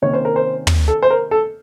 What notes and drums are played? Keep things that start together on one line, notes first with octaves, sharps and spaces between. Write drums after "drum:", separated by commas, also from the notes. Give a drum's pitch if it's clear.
C3 D#3 A#3 C#4 C#5
C5
A#4
C5
drum: tom
A4
C5
A#4
A4